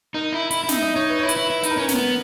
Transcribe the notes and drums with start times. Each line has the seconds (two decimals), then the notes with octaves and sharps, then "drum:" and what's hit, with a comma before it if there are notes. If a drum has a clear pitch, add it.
0.14 D#4 A#4
0.32 E4
0.51 E4, drum: hi-hat
0.64 E4
0.69 D#4 E5, drum: snare
0.82 D#5
0.95 D#4 C#5
1.09 B4
1.19 E4 C#5
1.29 B4, drum: hi-hat
1.37 E4
1.50 E4
1.63 D#4, drum: hi-hat
1.71 A#4
1.77 C#4 B4
1.89 C#4, drum: snare
1.95 B3